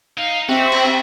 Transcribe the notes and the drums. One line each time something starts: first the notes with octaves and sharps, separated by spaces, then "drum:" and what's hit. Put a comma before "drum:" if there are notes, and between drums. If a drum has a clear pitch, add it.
D#4 F5
C4 F#4 G4 E5
drum: cymbal